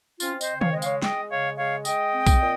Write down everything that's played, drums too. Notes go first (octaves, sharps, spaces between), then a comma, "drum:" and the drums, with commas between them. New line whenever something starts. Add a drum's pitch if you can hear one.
C4 C#4 F4, drum: tambourine
C5 D#5, drum: tambourine
C#3
C#5 F5, drum: tom D#3
G#3 D#5
C#5 F5, drum: tambourine
G#3 D#5 G5, drum: snare
C#3 C#5 F5
G#3 C#5 F5
G#3 D#5 G5, drum: tambourine
C4
drum: kick B1, tambourine
A#2